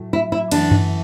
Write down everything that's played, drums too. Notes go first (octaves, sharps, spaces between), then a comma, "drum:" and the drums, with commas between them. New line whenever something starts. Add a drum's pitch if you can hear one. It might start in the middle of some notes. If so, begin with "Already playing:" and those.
Already playing: A2 F#3 A3
E4
E4
F#2 E3 A3 D4, drum: cymbal
drum: tom F#2